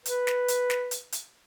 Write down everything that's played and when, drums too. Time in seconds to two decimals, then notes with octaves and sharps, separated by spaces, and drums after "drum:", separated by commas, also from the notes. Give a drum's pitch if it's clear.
0.06 B4, drum: hi-hat
0.27 drum: snare
0.48 drum: hi-hat
0.70 drum: snare
0.91 drum: hi-hat
1.12 drum: hi-hat